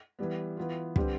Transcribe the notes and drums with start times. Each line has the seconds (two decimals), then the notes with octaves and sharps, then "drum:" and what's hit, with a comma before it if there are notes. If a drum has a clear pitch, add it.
0.19 E3 G3 B3
0.57 E3 B3 F4
0.96 D3 G3 C4 G4 B4, drum: kick